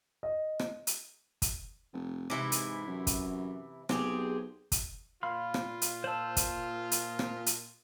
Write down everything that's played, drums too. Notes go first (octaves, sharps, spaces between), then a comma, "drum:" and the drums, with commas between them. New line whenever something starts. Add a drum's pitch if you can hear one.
D#5
drum: rim click
drum: hi-hat
drum: kick, hi-hat
F1
G#2 C3 E3 E4
drum: hi-hat
F#2
drum: kick, hi-hat
B1 C4 G4 G#4, drum: rim click
drum: kick, hi-hat
A#2 F4 F5 B5 C6 F6
drum: rim click
drum: hi-hat
C5 A5 E6 E7 F#7
drum: kick, hi-hat
drum: hi-hat
drum: rim click
drum: hi-hat